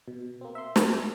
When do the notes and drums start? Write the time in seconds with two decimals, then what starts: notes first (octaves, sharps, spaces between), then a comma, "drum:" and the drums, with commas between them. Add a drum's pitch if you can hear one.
0.08 B2
0.41 A#3 C4
0.55 E5 C6
0.76 A4 B4, drum: snare